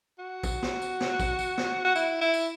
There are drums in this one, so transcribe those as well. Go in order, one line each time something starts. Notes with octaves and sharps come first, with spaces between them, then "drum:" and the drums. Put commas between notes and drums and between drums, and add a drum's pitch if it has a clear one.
F#4
drum: kick, tambourine
drum: snare
drum: tambourine
drum: snare
drum: kick, tambourine
drum: tambourine
drum: snare
F#4
E4, drum: tambourine
E4
drum: tambourine